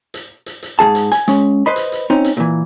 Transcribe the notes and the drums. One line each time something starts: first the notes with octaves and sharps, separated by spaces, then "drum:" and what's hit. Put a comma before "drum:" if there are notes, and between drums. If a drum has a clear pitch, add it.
drum: hi-hat
drum: hi-hat
drum: hi-hat
G#2 F#3 G#4 A5
drum: hi-hat
G#5, drum: hi-hat
G#3 C#4, drum: hi-hat
B4 C5 D#5 B5
drum: hi-hat
drum: hi-hat
C4 C#4 D#4
drum: hi-hat
A#2 E3